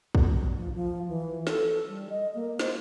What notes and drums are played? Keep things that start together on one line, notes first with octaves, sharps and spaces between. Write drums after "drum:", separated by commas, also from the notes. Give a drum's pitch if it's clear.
drum: kick
F3
F3
E3
A4, drum: snare
G3
D#5
A#3
C5, drum: snare